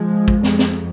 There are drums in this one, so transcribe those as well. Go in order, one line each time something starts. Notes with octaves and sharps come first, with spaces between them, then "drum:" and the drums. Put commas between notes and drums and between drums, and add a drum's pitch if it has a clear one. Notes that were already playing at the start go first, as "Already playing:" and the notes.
Already playing: F3 G#3
drum: kick A1
F2, drum: snare
drum: snare